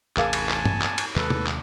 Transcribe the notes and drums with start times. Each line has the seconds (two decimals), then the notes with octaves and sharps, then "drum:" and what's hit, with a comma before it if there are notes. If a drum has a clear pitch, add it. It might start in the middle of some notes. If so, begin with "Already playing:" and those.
0.17 A1 E2 C3 G#4 A#4 F5 G#5 A5, drum: clap
0.33 drum: cymbal
0.49 drum: clap
0.65 drum: tom G2
0.82 drum: clap
0.98 drum: cymbal
1.16 D#2 C3 G#3 A4 B4, drum: clap
1.30 drum: tom
1.47 drum: clap